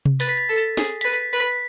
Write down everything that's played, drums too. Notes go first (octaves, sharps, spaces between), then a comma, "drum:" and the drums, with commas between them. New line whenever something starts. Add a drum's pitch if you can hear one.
drum: tom C3
B4 A6, drum: open hi-hat
B6
A6
A4
G#4, drum: snare
B6, drum: hi-hat
B4 A6
B4 B6